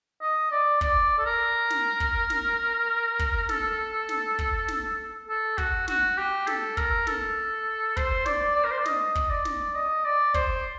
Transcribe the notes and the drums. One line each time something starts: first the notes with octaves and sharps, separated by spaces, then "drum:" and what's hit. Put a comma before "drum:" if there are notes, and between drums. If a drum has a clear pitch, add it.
D#5
D5
D5, drum: kick
A4
A#4
drum: snare
drum: kick
drum: snare
drum: kick
A4, drum: snare
drum: snare
drum: kick
drum: snare
A4
F#4, drum: kick
F#4, drum: snare
G4
A4, drum: snare
A#4, drum: kick
A4, drum: snare
C5, drum: kick
D5, drum: snare
D5
A#4
C5
D5
D#5, drum: snare
drum: kick
D5
drum: snare
D#5
D5
C5, drum: kick